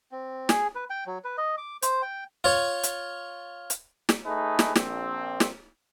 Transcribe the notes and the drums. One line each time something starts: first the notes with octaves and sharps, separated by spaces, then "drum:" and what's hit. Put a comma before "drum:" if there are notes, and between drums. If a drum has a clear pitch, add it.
C4
G#4, drum: snare
B4
G5
F#3
B4
D#5
D6
C5, drum: hi-hat
G5
F4 C#5
drum: hi-hat
drum: hi-hat
drum: snare
A3 D#4 G#4 B4
drum: snare
A#1 C4, drum: snare
drum: snare